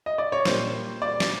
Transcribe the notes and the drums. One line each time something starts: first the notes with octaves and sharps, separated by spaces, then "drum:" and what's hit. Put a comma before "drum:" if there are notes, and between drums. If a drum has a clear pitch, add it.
D#5
D5
C#5
A#2 G3 A#3 C5, drum: snare
D5
drum: snare